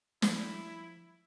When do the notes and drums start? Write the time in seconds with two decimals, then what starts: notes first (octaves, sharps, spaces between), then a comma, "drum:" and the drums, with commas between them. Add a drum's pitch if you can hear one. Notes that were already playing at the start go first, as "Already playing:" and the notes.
0.22 F3 E4, drum: snare